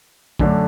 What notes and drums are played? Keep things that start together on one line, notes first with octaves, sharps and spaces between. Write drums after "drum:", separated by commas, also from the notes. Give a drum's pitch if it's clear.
F#2 D3 A3 D4, drum: kick